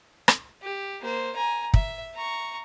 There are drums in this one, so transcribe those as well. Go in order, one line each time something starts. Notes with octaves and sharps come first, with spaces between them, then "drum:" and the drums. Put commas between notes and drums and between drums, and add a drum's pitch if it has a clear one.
drum: rim click
G4
A#3 C5
G#5 A#5
E5, drum: kick
A#5 C#6